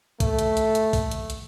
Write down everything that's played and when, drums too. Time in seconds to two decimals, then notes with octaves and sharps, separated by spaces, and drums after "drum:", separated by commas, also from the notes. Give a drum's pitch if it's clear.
0.20 A3, drum: kick, hi-hat
0.39 drum: hi-hat
0.57 drum: hi-hat
0.75 drum: hi-hat
0.93 drum: kick, open hi-hat
1.11 drum: hi-hat
1.30 drum: hi-hat